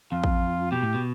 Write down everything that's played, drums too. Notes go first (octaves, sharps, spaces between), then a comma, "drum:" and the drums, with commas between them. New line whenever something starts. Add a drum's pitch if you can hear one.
F2 F4
drum: kick
B2 G4
A2
B2